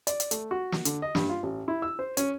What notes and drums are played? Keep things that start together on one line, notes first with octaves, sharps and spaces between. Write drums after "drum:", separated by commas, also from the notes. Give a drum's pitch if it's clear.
D5, drum: hi-hat
drum: hi-hat
A3, drum: hi-hat
F#4
drum: snare
D3, drum: hi-hat
D#5
G2, drum: snare
F4
A1
E4
E6
C5
C#4, drum: hi-hat